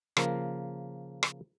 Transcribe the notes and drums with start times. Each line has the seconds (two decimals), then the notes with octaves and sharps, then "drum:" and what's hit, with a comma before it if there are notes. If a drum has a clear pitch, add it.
0.17 C#3 F3 A#3 A#4, drum: rim click
1.23 drum: rim click